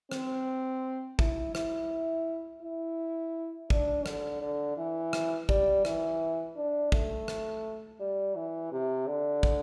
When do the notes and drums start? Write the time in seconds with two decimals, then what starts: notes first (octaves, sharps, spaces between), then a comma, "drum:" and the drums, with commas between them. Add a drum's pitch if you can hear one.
0.12 C4, drum: rim click
1.19 E4, drum: kick
1.55 E4, drum: rim click
2.62 E4
3.70 D4, drum: kick
4.06 D3, drum: rim click
4.41 D3
4.77 E3
5.13 drum: rim click
5.49 G3, drum: kick
5.85 E3, drum: rim click
6.56 D4
6.92 A3, drum: kick
7.28 drum: rim click
8.00 G3
8.35 E3
8.71 C3
9.07 D3
9.43 drum: kick